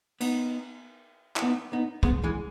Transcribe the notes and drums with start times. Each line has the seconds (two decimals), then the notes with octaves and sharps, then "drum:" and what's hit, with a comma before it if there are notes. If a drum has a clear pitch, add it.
0.21 B3 D#4, drum: cymbal
1.36 E4, drum: clap
1.42 B3 D#4
1.73 B3 D#4
2.03 G#3 B3, drum: kick
2.24 E3 G#3